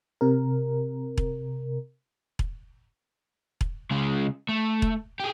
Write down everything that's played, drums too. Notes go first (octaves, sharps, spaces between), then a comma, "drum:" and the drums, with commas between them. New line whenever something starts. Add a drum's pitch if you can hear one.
C3 A#4
drum: kick E1
drum: kick E1
drum: kick E1
C#3 G#3
A3
drum: kick E1
G4 G#4